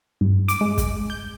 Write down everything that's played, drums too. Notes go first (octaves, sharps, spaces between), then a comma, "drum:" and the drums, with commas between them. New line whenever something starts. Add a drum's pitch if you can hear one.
G2
D6, drum: hi-hat
G#3
drum: kick, hi-hat
G6